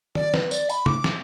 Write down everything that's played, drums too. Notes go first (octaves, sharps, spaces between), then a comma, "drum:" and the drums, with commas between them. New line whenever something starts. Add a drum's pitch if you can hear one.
D5, drum: tom D#3
B4, drum: snare
D5, drum: tambourine
B5, drum: tambourine
D6, drum: tom
drum: snare